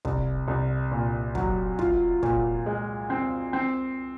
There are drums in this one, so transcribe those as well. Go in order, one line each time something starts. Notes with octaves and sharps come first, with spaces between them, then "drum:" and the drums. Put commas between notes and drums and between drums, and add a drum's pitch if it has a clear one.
C2, drum: kick
C2
A#2
F#3, drum: kick
F4, drum: kick
A#2, drum: kick
G#3
C4
C4